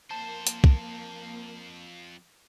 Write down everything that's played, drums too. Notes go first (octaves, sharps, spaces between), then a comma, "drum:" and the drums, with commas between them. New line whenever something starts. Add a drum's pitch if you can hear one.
F2 A#3 C5 A5
drum: hi-hat
drum: kick